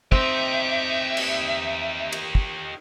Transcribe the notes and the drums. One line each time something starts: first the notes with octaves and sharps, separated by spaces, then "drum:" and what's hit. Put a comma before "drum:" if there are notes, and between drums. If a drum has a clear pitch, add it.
C4 D#4 G4 E5, drum: kick
drum: cymbal
drum: cymbal
drum: kick